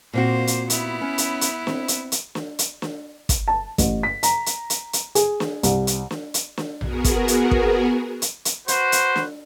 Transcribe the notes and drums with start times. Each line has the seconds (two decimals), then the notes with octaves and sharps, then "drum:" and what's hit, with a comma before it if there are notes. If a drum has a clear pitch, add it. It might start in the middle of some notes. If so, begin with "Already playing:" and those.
0.13 A#2 A#3 C4 F#4 C5
0.47 drum: hi-hat
0.70 B3 E4, drum: hi-hat
1.02 C#4
1.18 drum: hi-hat
1.41 drum: hi-hat
1.67 C4, drum: snare
1.88 drum: hi-hat
2.12 drum: hi-hat
2.35 drum: snare
2.59 drum: hi-hat
2.82 drum: snare
3.29 drum: kick, hi-hat
3.48 A5
3.78 A1, drum: kick, hi-hat
4.03 B6
4.23 A#5, drum: hi-hat
4.46 drum: hi-hat
4.70 drum: hi-hat
4.93 drum: hi-hat
5.15 G#4, drum: hi-hat
5.40 drum: snare
5.63 C2, drum: hi-hat
5.87 drum: hi-hat
6.11 drum: snare
6.34 drum: hi-hat
6.58 drum: snare
6.81 B3 F#4 G#4 A#4, drum: tom A#1
7.04 drum: kick, hi-hat
7.28 drum: hi-hat
7.51 drum: kick
8.22 drum: hi-hat
8.45 drum: hi-hat
8.68 F#4 B4 C5, drum: hi-hat
8.92 drum: hi-hat
9.16 drum: snare